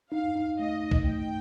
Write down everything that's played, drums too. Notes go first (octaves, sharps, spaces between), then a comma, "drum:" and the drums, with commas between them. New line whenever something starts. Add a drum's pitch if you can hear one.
D#4 F5
D#4
A3 D#5
D#4
drum: kick A#1
A3 G5